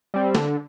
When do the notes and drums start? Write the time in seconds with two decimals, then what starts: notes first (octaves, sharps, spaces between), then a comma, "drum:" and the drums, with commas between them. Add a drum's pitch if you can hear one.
0.14 G3 C4
0.35 D3, drum: snare